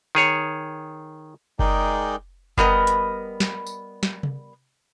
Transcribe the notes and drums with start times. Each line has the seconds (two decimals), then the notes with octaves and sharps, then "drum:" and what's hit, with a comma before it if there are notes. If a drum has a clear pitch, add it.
0.15 D#3 G#4 C#5
1.59 G#3 D#4 G#4 A#4 D5 G5, drum: kick F#1
2.58 G3 B3 A#4 D#5, drum: kick F#1
2.87 drum: hi-hat
3.40 drum: snare
3.67 drum: tambourine
4.03 drum: snare
4.23 drum: tom C3